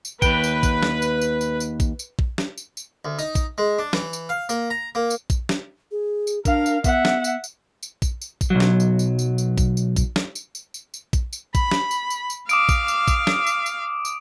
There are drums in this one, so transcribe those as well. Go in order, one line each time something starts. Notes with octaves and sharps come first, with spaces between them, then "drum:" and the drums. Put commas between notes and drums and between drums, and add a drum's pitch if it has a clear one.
drum: tambourine
D#2 B4 G5, drum: kick A#1, tambourine
drum: tambourine
drum: kick A#1, tambourine
drum: snare
drum: tambourine
drum: tambourine
drum: tambourine
drum: tambourine
drum: kick A#1, tambourine
drum: tambourine
drum: kick A#1
drum: snare
drum: tambourine
drum: tambourine
D2
D#4, drum: tambourine
drum: kick A#1, tambourine
G#3
D4
E3, drum: snare
drum: tambourine
F5
A#3, drum: tambourine
A#5
A#3
drum: tambourine
drum: kick A#1, tambourine
drum: snare
G#4
drum: tambourine
D4 A#4 F5, drum: kick A#1, tambourine
drum: tambourine
B3 E5 F#5, drum: kick A#1, tambourine
drum: snare
drum: tambourine
drum: tambourine
drum: tambourine
drum: kick A#1, tambourine
drum: tambourine
drum: kick A#1, tambourine
B1 F#3
drum: snare
drum: tambourine
drum: tambourine
drum: tambourine
drum: tambourine
drum: kick A#1, tambourine
drum: tambourine
drum: kick A#1, tambourine
drum: snare
drum: tambourine
drum: tambourine
drum: tambourine
drum: tambourine
drum: kick A#1, tambourine
drum: tambourine
B5, drum: kick A#1, tambourine
drum: snare
drum: tambourine
drum: tambourine
drum: tambourine
F5 D6 D#6 D7, drum: tambourine
drum: kick A#1, tambourine
drum: tambourine
drum: kick A#1, tambourine
drum: snare
drum: tambourine
drum: tambourine
drum: tambourine